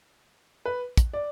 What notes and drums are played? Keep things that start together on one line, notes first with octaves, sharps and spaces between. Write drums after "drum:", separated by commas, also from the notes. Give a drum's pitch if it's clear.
B4
drum: kick, hi-hat
D5